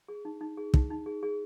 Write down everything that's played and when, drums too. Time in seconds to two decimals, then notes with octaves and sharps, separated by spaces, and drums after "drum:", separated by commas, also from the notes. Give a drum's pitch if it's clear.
0.08 G#4
0.25 D#4
0.41 D#4
0.57 G#4
0.74 D#4, drum: kick
0.90 D#4
1.06 G#4
1.23 G#4